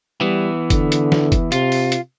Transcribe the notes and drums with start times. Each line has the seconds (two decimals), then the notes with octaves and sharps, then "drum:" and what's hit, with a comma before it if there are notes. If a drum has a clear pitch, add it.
0.21 E3 G3 B3
0.70 D3, drum: kick F#1, hi-hat
0.92 drum: hi-hat
1.12 drum: snare
1.32 drum: kick F#1, hi-hat
1.52 C3 F4, drum: hi-hat
1.72 drum: open hi-hat
1.92 drum: hi-hat